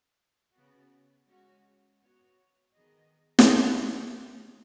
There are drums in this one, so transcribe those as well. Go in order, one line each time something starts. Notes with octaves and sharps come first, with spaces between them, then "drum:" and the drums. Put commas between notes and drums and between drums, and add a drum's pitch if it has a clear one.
C#3 B3 F#4
G#3 C#4 F#4
B3 F#4 C#5
D#3 B3 G#4 D#5
drum: snare